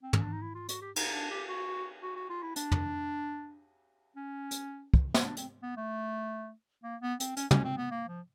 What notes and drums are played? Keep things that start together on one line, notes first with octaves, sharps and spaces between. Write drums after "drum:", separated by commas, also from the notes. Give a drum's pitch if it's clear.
C4
C#4, drum: tom
D4
D#4
E4
F4
F#4, drum: hi-hat
G4
D#4, drum: cymbal
D#4
D4
G4
F#4
F#4
F#4
F4
E4
D4, drum: hi-hat
drum: tom
C#4
drum: hi-hat
drum: kick
drum: snare
D4
C4, drum: hi-hat
B3
A3
A#3
B3
C4, drum: hi-hat
C#4, drum: hi-hat
C#4, drum: tom
C4
B3
A#3
F3